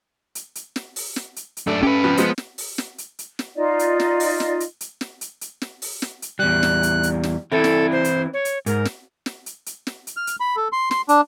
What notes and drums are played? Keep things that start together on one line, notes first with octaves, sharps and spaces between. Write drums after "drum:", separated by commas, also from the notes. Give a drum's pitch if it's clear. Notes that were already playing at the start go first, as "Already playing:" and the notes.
drum: hi-hat
drum: hi-hat
drum: snare
drum: open hi-hat
drum: snare
drum: hi-hat
drum: hi-hat
F#2 A3 D4
C#4 G4 B4
C3 F3 B3
F3 G#3 B3 C5, drum: hi-hat
drum: snare
drum: open hi-hat
drum: snare
drum: hi-hat
drum: hi-hat
drum: snare
D#4 F4 D5 D#5
drum: hi-hat
drum: snare
drum: open hi-hat
drum: snare
drum: hi-hat
drum: hi-hat
drum: snare
drum: hi-hat
drum: hi-hat
drum: snare
drum: open hi-hat
drum: snare
drum: hi-hat
E2 G3 F#6
drum: snare
drum: hi-hat
drum: hi-hat
drum: snare
E3 C4 E4 A4
drum: snare
C5
drum: hi-hat
C#5
drum: hi-hat
G#2 A#4, drum: hi-hat
drum: snare
drum: snare
drum: hi-hat
drum: hi-hat
drum: snare
drum: hi-hat
F6
drum: hi-hat
B5
A4
C6
C6, drum: snare
D4, drum: hi-hat